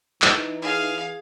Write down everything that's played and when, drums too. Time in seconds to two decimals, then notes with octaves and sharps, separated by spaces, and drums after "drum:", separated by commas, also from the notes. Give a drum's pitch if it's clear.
0.22 E3 D#4, drum: clap
0.62 G#4 F5